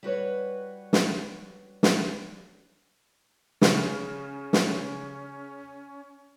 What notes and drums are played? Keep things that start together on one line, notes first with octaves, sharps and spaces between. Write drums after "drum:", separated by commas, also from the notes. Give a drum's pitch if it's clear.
G3 F#4 B4 C#5
drum: snare
drum: snare
C#3 C#4, drum: snare
drum: snare